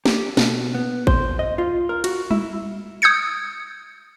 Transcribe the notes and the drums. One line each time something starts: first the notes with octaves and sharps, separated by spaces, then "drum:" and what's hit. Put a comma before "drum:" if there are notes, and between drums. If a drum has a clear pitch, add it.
G4, drum: snare
B2, drum: snare
B3
C5, drum: kick A1
D#5
F4
A#4
F#4, drum: cymbal
E4, drum: tom G3
D#6 G6 G#6 C#7